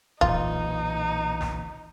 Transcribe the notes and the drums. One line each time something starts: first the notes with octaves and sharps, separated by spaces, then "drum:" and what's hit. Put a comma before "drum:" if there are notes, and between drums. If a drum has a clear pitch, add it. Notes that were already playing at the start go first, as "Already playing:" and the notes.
B1 A#2 E3 D#4 F4, drum: kick
drum: snare